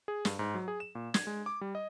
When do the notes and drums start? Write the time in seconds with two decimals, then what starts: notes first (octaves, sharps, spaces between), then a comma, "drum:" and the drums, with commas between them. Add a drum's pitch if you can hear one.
0.08 G#4
0.25 G2, drum: snare
0.39 G#2
0.54 F#3
0.68 G#4
0.80 E7
0.95 A#2
1.14 G#6, drum: snare
1.27 G#3
1.46 D6
1.61 G3
1.75 D#5